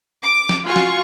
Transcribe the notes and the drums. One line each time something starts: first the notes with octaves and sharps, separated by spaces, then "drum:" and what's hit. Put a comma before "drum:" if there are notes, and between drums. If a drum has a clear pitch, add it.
D6
drum: snare
F4 F#4 F5 G#5 C#6
drum: snare